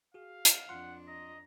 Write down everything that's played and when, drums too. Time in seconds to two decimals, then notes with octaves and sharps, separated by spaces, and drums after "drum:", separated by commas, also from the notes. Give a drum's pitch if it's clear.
0.14 F#4 G#4 F5
0.45 drum: hi-hat
0.69 F2 D4 F4 F#5 C6
1.08 D#5 A#5